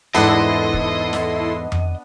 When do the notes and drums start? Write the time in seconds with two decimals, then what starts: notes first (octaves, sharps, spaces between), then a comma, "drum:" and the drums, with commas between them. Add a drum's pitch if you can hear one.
0.14 E2 G#2 B3 D4 E4 A4 D#5 C6
0.73 drum: kick
1.13 drum: snare
1.72 drum: tom F2